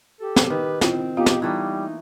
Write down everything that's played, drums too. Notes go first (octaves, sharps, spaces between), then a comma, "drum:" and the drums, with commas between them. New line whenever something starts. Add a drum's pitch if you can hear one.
G4 A4
drum: snare
D#3 B4
C4 E4 F4, drum: snare
B3 D#4 F4 G4 F5
drum: snare
E3 G3 A3 A#3 D#4